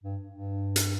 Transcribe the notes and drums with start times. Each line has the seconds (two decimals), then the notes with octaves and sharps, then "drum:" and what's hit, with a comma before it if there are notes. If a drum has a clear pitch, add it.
0.03 G2
0.29 G2
0.76 drum: hi-hat